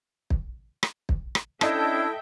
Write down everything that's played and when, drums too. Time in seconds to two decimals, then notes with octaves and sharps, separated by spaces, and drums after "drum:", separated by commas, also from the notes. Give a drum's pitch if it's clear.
0.30 drum: kick
0.83 drum: rim click
1.09 drum: kick
1.35 drum: rim click
1.61 C#4 D4 E4 A4 D#5 E5 G5 A5, drum: rim click